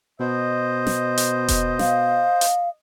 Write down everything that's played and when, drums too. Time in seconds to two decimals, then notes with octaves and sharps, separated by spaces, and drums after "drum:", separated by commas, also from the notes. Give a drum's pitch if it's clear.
0.20 B2 C5 D#5
0.87 drum: snare
1.18 drum: hi-hat
1.48 drum: kick E1, hi-hat
1.79 F5, drum: snare
2.41 drum: hi-hat